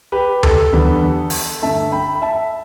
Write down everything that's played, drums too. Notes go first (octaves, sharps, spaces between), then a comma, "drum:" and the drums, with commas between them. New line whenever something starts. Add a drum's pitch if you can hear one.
G4 B4
A4, drum: tom D2
E2 D3 G3 B3
drum: open hi-hat
G2 D3 A3 E5 A5
G5 B5
B5
E5 A5